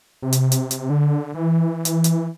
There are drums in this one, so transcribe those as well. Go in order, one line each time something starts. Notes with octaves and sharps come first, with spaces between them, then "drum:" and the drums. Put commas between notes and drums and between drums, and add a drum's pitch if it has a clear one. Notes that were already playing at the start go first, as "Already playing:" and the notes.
C3
drum: hi-hat
drum: hi-hat
drum: hi-hat
D3
E3
drum: hi-hat
drum: hi-hat